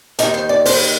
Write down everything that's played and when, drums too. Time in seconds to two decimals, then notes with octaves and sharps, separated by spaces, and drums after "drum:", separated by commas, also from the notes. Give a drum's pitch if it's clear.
0.19 D#2 D#3 A#4, drum: hi-hat
0.34 C5
0.49 D5
0.66 C5, drum: open hi-hat